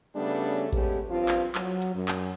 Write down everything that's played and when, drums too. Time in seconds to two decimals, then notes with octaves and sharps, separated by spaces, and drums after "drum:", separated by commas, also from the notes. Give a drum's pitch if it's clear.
0.15 C#3 G3 A3 B3 C#4 D4
0.72 G#3 A3 B3 C#4 G4 C#5, drum: kick A1, hi-hat
1.08 G2 F3 C4 F4
1.29 drum: clap
1.55 F#3, drum: clap
1.82 drum: hi-hat
1.95 F#2
2.08 drum: clap